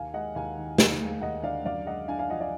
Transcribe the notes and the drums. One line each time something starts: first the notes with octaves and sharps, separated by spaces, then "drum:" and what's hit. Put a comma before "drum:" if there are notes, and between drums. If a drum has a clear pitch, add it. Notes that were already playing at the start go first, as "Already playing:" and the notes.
Already playing: D#2 F5 G#5
G#3 D#5 F#5
D#2 F5 G#5
D#3
D#2, drum: snare
G#3
D#2 D#5 F#5
D3 D5 F5
F#2 D5 F5
G#3 D#5 F#5
D4 F5 G#5
F5 G#5
F3 D#5 F#5
D5 F5